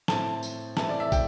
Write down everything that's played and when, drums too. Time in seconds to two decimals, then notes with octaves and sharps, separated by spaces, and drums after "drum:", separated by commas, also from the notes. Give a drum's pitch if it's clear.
0.08 A2 A3 C4 A5, drum: snare
0.43 drum: tambourine
0.77 A2 E3 A3 C4 A5, drum: snare
0.89 D5
1.00 E5
1.12 G5, drum: kick, tambourine